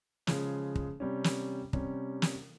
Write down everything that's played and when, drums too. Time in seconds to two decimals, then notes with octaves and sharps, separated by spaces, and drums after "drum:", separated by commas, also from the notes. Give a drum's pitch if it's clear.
0.27 C#3 F3 G#3, drum: snare
0.75 drum: kick
1.00 C3 G3 C#4
1.24 drum: snare
1.73 C3 G3 C#4, drum: kick
2.22 drum: snare